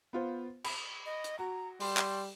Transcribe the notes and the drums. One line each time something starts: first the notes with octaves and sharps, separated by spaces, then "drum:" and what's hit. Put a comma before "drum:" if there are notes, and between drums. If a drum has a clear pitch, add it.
B3 F4 C5
B5, drum: cymbal
D#5
drum: hi-hat
F#4 A#5
G3 C6, drum: open hi-hat
drum: clap